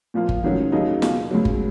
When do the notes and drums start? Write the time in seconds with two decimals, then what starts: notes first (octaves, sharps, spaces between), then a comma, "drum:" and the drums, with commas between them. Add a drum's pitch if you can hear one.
0.14 A#2 F3 A#3 F4
0.29 drum: kick G1
0.43 G#2 D#3 F#3 C#4 F#4
0.72 D#2 C#3 F#3 A#3 D#4
1.02 B2 A#3 F4, drum: snare
1.31 C#2 C#3 F#3
1.45 drum: kick G1